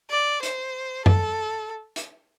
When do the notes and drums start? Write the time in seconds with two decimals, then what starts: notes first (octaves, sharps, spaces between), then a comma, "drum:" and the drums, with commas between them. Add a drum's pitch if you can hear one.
0.11 D5
0.43 C5, drum: hi-hat
1.06 A4, drum: tom F#2
1.96 drum: hi-hat